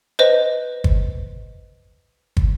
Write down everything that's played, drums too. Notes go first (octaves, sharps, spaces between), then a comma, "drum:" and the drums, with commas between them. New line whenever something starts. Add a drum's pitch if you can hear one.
B4 C5 D#5
drum: kick
drum: kick